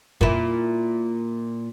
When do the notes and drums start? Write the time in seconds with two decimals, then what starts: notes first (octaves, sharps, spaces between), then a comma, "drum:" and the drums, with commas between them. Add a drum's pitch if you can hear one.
0.21 A#2 E4, drum: kick F2